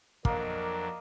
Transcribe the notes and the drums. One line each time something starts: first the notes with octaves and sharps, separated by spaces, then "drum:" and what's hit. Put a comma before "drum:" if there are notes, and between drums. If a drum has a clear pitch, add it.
F2 F#3 A#3 D4 A#4 D5 D#5, drum: kick